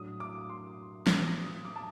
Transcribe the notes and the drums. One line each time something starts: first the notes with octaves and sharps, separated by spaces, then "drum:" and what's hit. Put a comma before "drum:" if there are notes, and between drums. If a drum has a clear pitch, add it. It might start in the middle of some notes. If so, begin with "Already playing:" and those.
Already playing: A2 F#3 A3 D4 F#4 D#6
D6
C6
D6, drum: snare
D#6
D#6
D6
A5